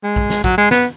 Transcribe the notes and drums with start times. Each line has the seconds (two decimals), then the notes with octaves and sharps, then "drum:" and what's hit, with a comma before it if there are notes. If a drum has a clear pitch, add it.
0.03 G#3
0.16 drum: kick A#1
0.30 drum: snare
0.44 F#3, drum: kick A#1
0.58 G#3
0.71 B3, drum: snare